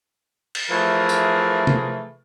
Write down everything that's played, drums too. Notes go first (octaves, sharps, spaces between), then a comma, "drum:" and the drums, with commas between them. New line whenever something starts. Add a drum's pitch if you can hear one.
drum: cymbal
E3 F3 A3 G#4 A#4
drum: tambourine
drum: tom C3